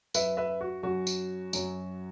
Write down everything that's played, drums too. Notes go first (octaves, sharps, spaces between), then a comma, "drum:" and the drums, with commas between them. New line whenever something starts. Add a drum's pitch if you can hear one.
F#2 F#3 B4 E5, drum: tambourine
B4 E5
F#4
F#2 F#3 F#4
drum: tambourine
F#2 F#3, drum: tambourine